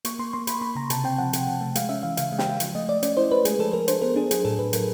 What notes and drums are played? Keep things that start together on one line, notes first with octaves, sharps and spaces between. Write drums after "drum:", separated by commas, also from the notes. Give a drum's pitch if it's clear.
A#3 C#6, drum: hi-hat
A#3 C6
A#3 C6
A#3 B5, drum: hi-hat
A#3 B5
C#3 A#5
C3 A5, drum: hi-hat
C4 G5
F3 F#5
C3, drum: hi-hat
F3
A3
G#3 F5, drum: hi-hat
C#4 E5
E3 F5
C#3 F5, drum: hi-hat
G#3
G5, drum: snare
G#3
F3, drum: hi-hat
A3 D#5
A3 D5
C#4 D5, drum: hi-hat
E4 C5
A3 B4
G#3 G#4, drum: hi-hat
F3 A4
F3 A#4
D4 C5, drum: hi-hat
B3 A#4
D4 G#4
F#3 G#4, drum: hi-hat
A2 A4
A2 B4
F#3 A#4, drum: hi-hat